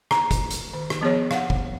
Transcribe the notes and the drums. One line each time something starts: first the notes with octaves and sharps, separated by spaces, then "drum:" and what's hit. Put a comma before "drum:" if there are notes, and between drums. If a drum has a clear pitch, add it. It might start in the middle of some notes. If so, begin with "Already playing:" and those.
A#5, drum: rim click
drum: kick, hi-hat
drum: hi-hat
D#3
drum: rim click
F3 B3 G#4 C#5
F5 F#5, drum: rim click
drum: kick